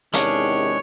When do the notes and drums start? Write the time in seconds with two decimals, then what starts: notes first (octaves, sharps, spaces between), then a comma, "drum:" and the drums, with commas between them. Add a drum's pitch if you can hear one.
0.14 E2 C3 D#3 G#3 C#4 D4 C#5, drum: hi-hat